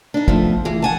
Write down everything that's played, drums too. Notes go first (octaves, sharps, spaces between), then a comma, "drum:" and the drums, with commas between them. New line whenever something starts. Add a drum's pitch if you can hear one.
D4 D#4
F3 A3 B3, drum: kick
E3 G#4
F#5 G#5 A5